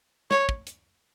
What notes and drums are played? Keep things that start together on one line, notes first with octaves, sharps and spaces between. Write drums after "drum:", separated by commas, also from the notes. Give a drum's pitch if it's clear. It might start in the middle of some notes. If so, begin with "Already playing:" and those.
C#5, drum: snare
drum: kick
drum: hi-hat